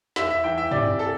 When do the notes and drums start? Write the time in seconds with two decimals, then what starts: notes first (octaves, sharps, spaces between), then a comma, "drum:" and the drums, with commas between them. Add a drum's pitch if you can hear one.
0.16 E2 E5, drum: snare
0.30 E5
0.44 E3 G5
0.58 E5
0.71 C3 D5, drum: tom G2
0.99 A4